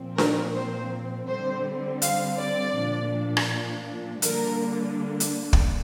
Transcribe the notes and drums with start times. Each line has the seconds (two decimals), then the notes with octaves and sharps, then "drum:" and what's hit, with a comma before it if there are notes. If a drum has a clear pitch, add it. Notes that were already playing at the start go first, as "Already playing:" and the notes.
Already playing: A#2 F3 C4
0.18 A#4, drum: snare D4
0.55 C5
1.27 D3 G3 C4 C5
2.02 F5, drum: hi-hat
2.39 D5
2.75 A#2 F3 D4
3.37 drum: rim click
4.22 D3 G3 A#3 D4 A#4, drum: hi-hat
5.20 drum: hi-hat
5.53 drum: kick